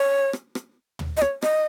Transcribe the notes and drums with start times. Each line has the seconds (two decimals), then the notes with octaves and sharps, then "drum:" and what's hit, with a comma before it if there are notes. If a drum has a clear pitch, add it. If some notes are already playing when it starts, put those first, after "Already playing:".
Already playing: C#5
0.33 drum: rim click
0.55 drum: rim click
0.99 drum: tom
1.17 D#5
1.22 C#5, drum: rim click
1.42 D#5, drum: rim click